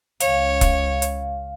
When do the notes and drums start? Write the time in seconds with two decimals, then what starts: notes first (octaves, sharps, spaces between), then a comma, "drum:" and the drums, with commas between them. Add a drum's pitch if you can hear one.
0.20 C#2 C#3 C#5 F5, drum: hi-hat
0.61 drum: kick E1, hi-hat
1.02 drum: hi-hat